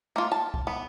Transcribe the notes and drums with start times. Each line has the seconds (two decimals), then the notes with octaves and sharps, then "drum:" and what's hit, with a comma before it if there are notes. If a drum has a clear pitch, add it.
0.16 A#3 F4
0.32 A5
0.54 drum: kick
0.67 B3